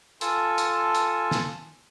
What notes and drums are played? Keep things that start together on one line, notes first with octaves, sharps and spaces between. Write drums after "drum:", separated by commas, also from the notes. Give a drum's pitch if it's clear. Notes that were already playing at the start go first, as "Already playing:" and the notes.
F4 A4 G#5 A5, drum: hi-hat
drum: hi-hat
drum: hi-hat
drum: snare